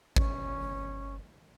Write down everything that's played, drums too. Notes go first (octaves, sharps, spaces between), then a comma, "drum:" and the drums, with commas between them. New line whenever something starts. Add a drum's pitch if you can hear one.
G1 C#4, drum: kick